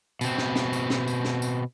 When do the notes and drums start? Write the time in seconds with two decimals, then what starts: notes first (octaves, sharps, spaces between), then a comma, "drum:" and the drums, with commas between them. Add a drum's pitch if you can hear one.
0.21 B2 C4, drum: tambourine
0.38 drum: snare
0.56 drum: snare
0.73 drum: tambourine
0.90 drum: snare
1.07 drum: tambourine
1.25 drum: snare
1.42 drum: tambourine